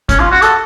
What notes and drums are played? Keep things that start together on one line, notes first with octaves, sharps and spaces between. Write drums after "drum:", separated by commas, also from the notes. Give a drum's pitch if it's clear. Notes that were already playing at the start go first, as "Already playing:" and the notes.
C#4, drum: kick, hi-hat
F4
F#4
A4, drum: hi-hat